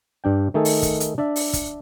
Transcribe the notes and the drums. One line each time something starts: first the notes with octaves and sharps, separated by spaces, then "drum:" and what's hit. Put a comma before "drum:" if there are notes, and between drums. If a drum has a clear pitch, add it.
G2 D4 G5
D#3 A3 D#4 G#4 A4
drum: open hi-hat
drum: kick, hi-hat
drum: hi-hat
D4 D5 E5
drum: open hi-hat
drum: kick, hi-hat